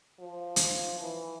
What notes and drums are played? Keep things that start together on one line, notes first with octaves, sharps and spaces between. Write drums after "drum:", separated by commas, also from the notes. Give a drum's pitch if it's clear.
F3
drum: hi-hat
E3